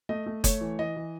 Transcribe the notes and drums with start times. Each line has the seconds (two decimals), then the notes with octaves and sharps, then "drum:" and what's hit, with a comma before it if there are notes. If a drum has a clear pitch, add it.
0.09 A3 D#5
0.26 A3
0.44 A3 C#5, drum: kick F#1, hi-hat
0.61 E3
0.79 E3 D#5
0.96 E3